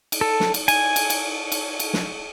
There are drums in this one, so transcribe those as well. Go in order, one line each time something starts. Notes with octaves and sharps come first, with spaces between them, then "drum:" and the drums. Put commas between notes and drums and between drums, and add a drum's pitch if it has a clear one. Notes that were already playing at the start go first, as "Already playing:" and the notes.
drum: cymbal
A4
drum: snare
drum: cymbal
G#5, drum: cymbal
drum: cymbal
drum: cymbal
drum: cymbal
drum: cymbal
drum: snare